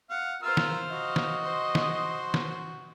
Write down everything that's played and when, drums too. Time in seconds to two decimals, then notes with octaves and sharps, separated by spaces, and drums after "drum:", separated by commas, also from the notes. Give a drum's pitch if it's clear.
0.10 F5 F#5
0.42 F4 A#4 C5 F5 E6 F6
0.57 drum: snare
0.91 F#4 D#5
1.16 drum: snare
1.44 C5 C6
1.75 drum: snare
2.34 drum: snare